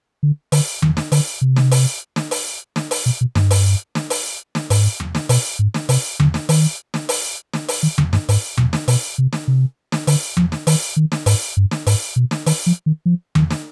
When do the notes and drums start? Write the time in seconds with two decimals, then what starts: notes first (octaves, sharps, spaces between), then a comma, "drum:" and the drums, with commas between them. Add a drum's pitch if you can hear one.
0.23 D3
0.52 D3, drum: open hi-hat
0.82 D#3, drum: tom E2
0.97 drum: snare
1.12 D3, drum: open hi-hat
1.41 C3
1.57 drum: snare
1.71 drum: open hi-hat
2.16 drum: snare
2.31 drum: open hi-hat
2.76 drum: snare
2.91 drum: open hi-hat
3.06 B2
3.21 B2
3.35 G2, drum: snare
3.51 drum: open hi-hat
3.95 drum: snare
4.10 drum: open hi-hat
4.55 drum: snare
4.70 G#2, drum: open hi-hat
5.00 drum: tom E2
5.15 drum: snare
5.29 B2, drum: open hi-hat
5.59 G#2
5.74 drum: snare
5.89 C3, drum: open hi-hat
6.20 D3, drum: tom E2
6.34 drum: snare
6.49 D#3, drum: open hi-hat
6.94 drum: snare
7.09 drum: open hi-hat
7.54 drum: snare
7.68 drum: open hi-hat
7.83 D#3
7.98 D3, drum: tom E2
8.13 G2, drum: snare
8.29 G#2, drum: open hi-hat
8.57 B2, drum: tom E2
8.73 drum: snare
8.88 B2, drum: open hi-hat
9.18 C3
9.33 drum: snare
9.48 C3
9.92 drum: snare
10.07 D3, drum: open hi-hat
10.37 F3, drum: tom E2
10.52 drum: snare
10.67 D#3, drum: open hi-hat
10.96 D#3
11.12 drum: snare
11.26 G#2, drum: open hi-hat
11.57 G2
11.71 drum: snare
11.87 G#2, drum: open hi-hat
12.16 B2
12.31 drum: snare
12.46 D#3, drum: open hi-hat
12.66 F3
12.86 D#3
13.06 F3
13.35 D#3, drum: tom E2
13.51 drum: snare